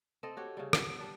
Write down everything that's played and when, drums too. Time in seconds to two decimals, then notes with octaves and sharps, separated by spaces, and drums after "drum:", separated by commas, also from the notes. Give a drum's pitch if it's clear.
0.23 C4 A4 D#5
0.37 F#4 G4 C#5
0.57 C#3 G3
0.73 B3, drum: rim click
0.99 G3 D4 D5